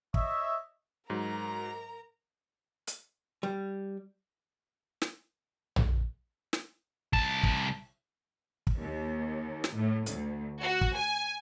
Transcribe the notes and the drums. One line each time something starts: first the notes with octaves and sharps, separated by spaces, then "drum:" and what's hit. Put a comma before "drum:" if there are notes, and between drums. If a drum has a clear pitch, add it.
C#5 D#5 E5, drum: kick
G#2 F#3 A#4 A#5
drum: hi-hat
G3
drum: snare
drum: tom A#1
drum: snare
C2 A5, drum: kick
drum: kick
drum: kick
D#2
drum: snare
A2
D2, drum: hi-hat
F#4
drum: kick
G#5